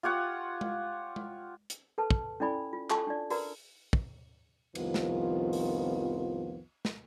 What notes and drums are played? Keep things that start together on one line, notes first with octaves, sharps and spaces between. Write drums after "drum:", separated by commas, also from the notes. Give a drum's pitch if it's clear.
F4 G4 C#5 F#5
drum: tom G#3
drum: tom G#3
drum: hi-hat
A4 B4 A5
drum: kick
C#4 E4 A4 D5 G#5 B5
F4
F4 A4 G#5 A5 C#6, drum: clap
D4 D5
F#4 A#4 B4 D5 A#5, drum: open hi-hat
drum: kick
C2 F2 D#3 F3 B3 F4, drum: cymbal
drum: snare
drum: open hi-hat
drum: snare